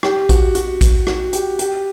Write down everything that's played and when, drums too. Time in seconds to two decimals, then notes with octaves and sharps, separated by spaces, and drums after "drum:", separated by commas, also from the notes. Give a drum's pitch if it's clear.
0.03 G4, drum: rim click
0.29 F#4, drum: kick, hi-hat
0.55 F#4, drum: hi-hat
0.81 drum: kick, hi-hat
1.07 F#4, drum: rim click
1.33 G4, drum: hi-hat
1.59 G4, drum: hi-hat